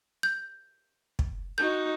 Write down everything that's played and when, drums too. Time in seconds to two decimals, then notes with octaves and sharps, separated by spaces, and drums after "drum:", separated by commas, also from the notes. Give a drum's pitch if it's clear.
0.23 G6
1.19 drum: kick
1.58 D#4 F#4 G6